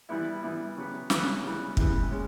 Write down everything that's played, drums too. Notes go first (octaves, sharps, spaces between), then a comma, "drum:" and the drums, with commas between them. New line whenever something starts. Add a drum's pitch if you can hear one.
E3 G3 B3 E4
E3 G3 B3 E4
C#3 F#3 B3
C#3 F#3 B3, drum: snare
C#3 E3 G3 B3
C#3 E3 G3 B3, drum: kick
G#3 C#4